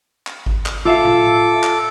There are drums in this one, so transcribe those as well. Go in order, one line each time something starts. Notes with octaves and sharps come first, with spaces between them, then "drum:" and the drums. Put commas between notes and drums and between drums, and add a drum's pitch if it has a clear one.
drum: clap
drum: kick
drum: clap
F4 A4 E5 F5 D6, drum: tom
drum: tom A2
drum: clap